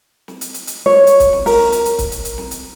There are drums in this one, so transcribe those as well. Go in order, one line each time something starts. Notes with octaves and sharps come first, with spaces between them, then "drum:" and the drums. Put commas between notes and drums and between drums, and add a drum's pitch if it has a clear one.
drum: snare
drum: hi-hat
drum: hi-hat
drum: hi-hat
C#5
drum: hi-hat
drum: kick, hi-hat
drum: snare
A#4, drum: open hi-hat
drum: snare
drum: hi-hat
drum: hi-hat
drum: kick, hi-hat
drum: hi-hat
drum: hi-hat
drum: snare
drum: hi-hat